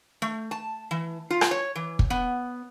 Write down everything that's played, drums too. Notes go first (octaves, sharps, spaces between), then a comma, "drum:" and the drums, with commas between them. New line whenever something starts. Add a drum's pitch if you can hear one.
A3
A5
E3
F4
drum: rim click
C#5
E3
drum: kick
B3